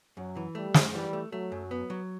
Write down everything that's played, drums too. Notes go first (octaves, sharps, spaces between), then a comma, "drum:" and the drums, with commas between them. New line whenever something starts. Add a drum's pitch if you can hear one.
F#2 F#3
E3
G3 A3
F#2, drum: snare
E3 G3
A3
F#3 A3
F#2
B3
F#3